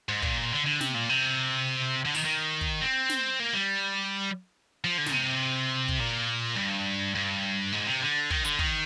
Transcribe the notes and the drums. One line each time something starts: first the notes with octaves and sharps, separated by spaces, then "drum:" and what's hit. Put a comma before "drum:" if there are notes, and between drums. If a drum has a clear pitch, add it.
G#2
A#2, drum: kick
D3
D3
C3, drum: snare
A#2
C3
D3
D#3, drum: open hi-hat
D#3
drum: kick
C4
drum: snare
A#3
G3
F3
D3
A#2, drum: snare
C3
drum: kick
A#2
G2
G2
G#2
C3
D3
D#3, drum: kick
D3, drum: hi-hat
D#3, drum: kick